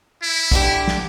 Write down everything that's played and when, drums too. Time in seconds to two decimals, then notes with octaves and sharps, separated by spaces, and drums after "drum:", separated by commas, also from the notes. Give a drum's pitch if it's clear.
0.22 E4
0.52 D3 D4 G4, drum: kick
0.88 drum: snare